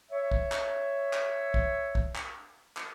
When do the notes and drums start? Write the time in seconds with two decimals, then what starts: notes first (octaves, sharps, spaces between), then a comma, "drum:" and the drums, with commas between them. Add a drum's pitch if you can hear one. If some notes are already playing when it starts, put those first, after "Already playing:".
0.11 C#5 E5
0.32 drum: kick
0.52 drum: clap
1.13 drum: clap
1.54 drum: kick
1.95 drum: kick
2.16 drum: clap
2.77 drum: clap